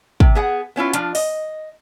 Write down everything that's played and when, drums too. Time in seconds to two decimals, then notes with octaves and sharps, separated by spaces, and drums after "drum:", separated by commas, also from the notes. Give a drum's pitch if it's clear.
0.20 C3, drum: kick
0.35 B3 G#4 F#5
0.76 B3 C#4 E4 F4
0.93 F3 D4 F4, drum: hi-hat
1.15 D#5, drum: open hi-hat